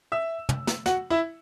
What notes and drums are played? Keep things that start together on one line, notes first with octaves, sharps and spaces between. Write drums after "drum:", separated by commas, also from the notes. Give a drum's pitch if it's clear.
E5 E6
drum: tom
drum: snare
F#4 F#5, drum: snare
E4 E5